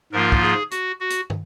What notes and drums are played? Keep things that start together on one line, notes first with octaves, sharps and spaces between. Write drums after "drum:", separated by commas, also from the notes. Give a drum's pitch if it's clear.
G#2 F3 A#3 F4 A#4
drum: kick
G#4
F#4, drum: hi-hat
F#4
drum: hi-hat
drum: tom